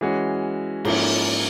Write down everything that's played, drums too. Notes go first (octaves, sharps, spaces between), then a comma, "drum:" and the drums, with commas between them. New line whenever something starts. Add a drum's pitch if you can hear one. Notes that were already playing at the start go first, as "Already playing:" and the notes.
E3 G#3 C#4 F#4
G#2 F3 A#3 C#4 E4, drum: cymbal